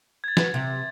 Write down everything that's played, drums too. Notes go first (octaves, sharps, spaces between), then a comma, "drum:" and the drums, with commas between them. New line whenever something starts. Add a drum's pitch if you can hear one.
G#6 A6
F#4 B4, drum: snare
C3